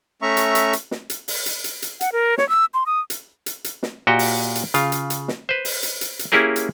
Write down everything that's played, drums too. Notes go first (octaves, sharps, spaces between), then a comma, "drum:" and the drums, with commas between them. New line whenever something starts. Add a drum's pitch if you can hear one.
A3 C#4 E5 A#5 C#6
drum: hi-hat
drum: hi-hat
drum: hi-hat
drum: snare
drum: hi-hat
drum: open hi-hat
drum: hi-hat
drum: hi-hat
drum: hi-hat
F#5, drum: hi-hat
A#4
C#5, drum: snare
E6
C6
D#6
drum: hi-hat
drum: hi-hat
drum: hi-hat
drum: snare
A#2 F#4 G4 D#5 G5
drum: open hi-hat
drum: hi-hat
C#3 F4, drum: hi-hat
drum: hi-hat
drum: hi-hat
drum: snare
B4 C5
drum: open hi-hat
drum: hi-hat
drum: hi-hat
drum: hi-hat
A#3 C#4 E4 G4 G#4 A#4
drum: hi-hat